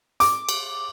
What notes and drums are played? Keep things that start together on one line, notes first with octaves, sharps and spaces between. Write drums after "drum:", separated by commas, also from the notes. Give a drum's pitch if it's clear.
D6, drum: hi-hat
drum: cymbal